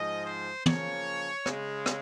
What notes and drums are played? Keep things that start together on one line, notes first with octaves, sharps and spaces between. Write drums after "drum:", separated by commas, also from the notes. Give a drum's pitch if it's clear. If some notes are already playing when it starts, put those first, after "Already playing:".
Already playing: G#2 F3 G#3 D#5
C5
C#3 F3 A#3 C#5, drum: tom
C#3 G#3, drum: rim click
drum: rim click